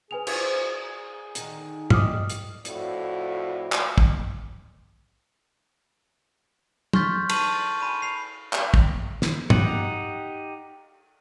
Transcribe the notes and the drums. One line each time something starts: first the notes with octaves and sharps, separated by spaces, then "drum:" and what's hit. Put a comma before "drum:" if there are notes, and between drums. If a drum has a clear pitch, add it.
G#4 B4 G#5 F7
C5, drum: cymbal
D3 D#3 D#4, drum: hi-hat
G3 A3 D#5 D6 D#6 F6, drum: tom
drum: hi-hat
F2 A2 A3 F#4 D5, drum: hi-hat
drum: clap
drum: kick
C6 C#6 F6 G6 A6 B6, drum: tom
A5 C#6 D#7 F7 F#7, drum: cymbal
A6
G#5 B5 D#7
C7 F7
drum: clap
drum: kick
drum: snare
D#4 G4 F#5, drum: tom